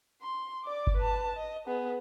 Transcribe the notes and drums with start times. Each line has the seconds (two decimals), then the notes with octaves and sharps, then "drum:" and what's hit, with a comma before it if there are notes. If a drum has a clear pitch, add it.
0.21 C6
0.64 D5 D6
0.87 drum: kick G1
0.97 B4 A5
1.36 D#5
1.67 B3 G#4